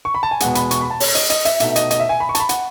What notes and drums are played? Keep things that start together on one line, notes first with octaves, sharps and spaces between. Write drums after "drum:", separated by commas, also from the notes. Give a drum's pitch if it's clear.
C#6
B5
A5
G#5
E2 B2 G#3 F#5, drum: hi-hat
B5, drum: hi-hat
C#6, drum: hi-hat
B5
A5
C#5, drum: open hi-hat
D#5, drum: hi-hat
D#5, drum: hi-hat
E5, drum: hi-hat
B2 A3 D#4 E5, drum: hi-hat
D#5, drum: hi-hat
D#5, drum: hi-hat
E5
G#5
B5
C#6
A5, drum: hi-hat
B5
F#5, drum: hi-hat